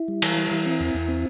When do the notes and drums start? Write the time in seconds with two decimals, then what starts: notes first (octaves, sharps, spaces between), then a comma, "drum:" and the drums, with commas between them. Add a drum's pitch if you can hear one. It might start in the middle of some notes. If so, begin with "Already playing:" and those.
Already playing: E4
0.08 G3
0.22 E3, drum: cymbal
0.37 G3
0.51 E3
0.66 C4
0.80 E2
0.94 E2
1.08 C4